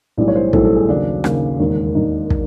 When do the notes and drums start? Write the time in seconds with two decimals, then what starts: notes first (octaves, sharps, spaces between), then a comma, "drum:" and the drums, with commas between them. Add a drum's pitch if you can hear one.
0.17 B1 A2 E3 G3 D5
0.28 C#5
0.35 C5
0.53 B1 A2 E3 G3 A4, drum: kick
0.65 A4
0.76 G#4
0.88 D#2 C#3 F#3 D4
1.24 D#2 C#3 F#3, drum: rim click
1.59 E1 D#2 D#3
1.95 E1 D#2 D#3 D#4
2.30 drum: kick